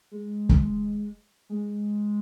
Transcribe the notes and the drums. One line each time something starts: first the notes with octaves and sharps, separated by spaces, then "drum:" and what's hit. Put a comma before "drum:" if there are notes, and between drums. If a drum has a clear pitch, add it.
G#3
drum: kick
G#3